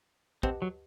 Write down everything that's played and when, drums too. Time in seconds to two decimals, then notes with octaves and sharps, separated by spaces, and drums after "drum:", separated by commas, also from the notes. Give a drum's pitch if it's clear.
0.43 C4 G4 B4 D#5 F#5 A5, drum: kick
0.62 F#3